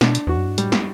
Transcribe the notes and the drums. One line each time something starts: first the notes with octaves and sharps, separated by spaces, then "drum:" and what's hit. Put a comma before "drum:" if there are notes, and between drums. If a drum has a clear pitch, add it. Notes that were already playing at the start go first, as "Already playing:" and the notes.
B2 D4, drum: snare
drum: hi-hat
E2 F#4
F#2
G2
A2 G3, drum: hi-hat
drum: snare